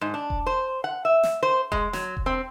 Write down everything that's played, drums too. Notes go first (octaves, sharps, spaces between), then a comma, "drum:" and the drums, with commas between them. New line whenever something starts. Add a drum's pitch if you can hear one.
G#2
D4
drum: kick E1
C5
F#5
E5
drum: snare
C5
G#3, drum: kick E1
F#3, drum: snare
drum: kick E1
C4